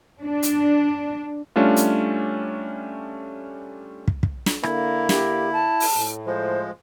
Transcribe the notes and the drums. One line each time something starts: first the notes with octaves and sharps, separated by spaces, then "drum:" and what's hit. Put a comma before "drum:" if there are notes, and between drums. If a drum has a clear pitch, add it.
D4
drum: hi-hat
G3 A3 C#4 D4 F4
drum: hi-hat
drum: kick
drum: kick
drum: snare
D3 A#3 E4, drum: rim click
G4, drum: snare
A5
drum: open hi-hat
A2
F3 G#3 C5